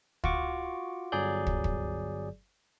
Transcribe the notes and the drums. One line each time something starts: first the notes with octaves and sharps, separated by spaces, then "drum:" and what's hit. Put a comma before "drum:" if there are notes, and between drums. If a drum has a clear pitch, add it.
F4 F#4 C#6 D6, drum: kick
G1 F#3 G#4 D5 G6
drum: kick
drum: kick